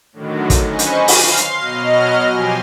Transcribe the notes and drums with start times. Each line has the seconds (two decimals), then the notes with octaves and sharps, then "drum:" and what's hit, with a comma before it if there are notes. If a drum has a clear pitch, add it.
0.13 A2 D3 D#3 F#3
0.50 drum: kick, hi-hat
0.68 C#4 B4 C5 D#5 G#5 C#6
0.79 drum: hi-hat
1.08 F5 C6 C7, drum: open hi-hat
1.37 drum: hi-hat
1.59 B2 F#3 D#5 F6
2.29 B2 F3 G4 G#5 C6